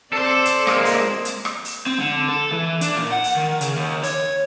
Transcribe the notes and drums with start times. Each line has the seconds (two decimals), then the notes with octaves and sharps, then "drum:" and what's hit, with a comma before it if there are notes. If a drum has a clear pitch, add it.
0.13 C4 A4 C5 D5
0.46 drum: hi-hat
0.67 G#3 A#3, drum: rim click
0.85 drum: open hi-hat
1.25 drum: hi-hat
1.45 drum: rim click
1.65 drum: open hi-hat
1.86 C4
1.99 D3
2.29 A4
2.52 E3
2.81 D4, drum: hi-hat
2.96 A#2
3.12 F#5
3.24 drum: open hi-hat
3.36 D#3
3.61 C#3, drum: hi-hat
3.76 D#2
4.03 C#5, drum: open hi-hat